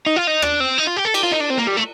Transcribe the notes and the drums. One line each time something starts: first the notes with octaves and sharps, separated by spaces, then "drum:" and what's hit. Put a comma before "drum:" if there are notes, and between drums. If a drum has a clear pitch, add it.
D#4
F4
D#4
D4, drum: rim click
C4
D#4
F4
G4
A4
G4, drum: cymbal
F4
D#4
D4
C4
A#3
G3
A3